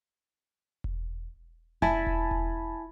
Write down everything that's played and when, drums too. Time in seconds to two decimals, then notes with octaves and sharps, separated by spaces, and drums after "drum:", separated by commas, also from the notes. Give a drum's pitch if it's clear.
0.84 drum: kick E1
1.82 E4 G#5 A5 B5, drum: kick E1
2.07 drum: kick E1
2.31 drum: kick E1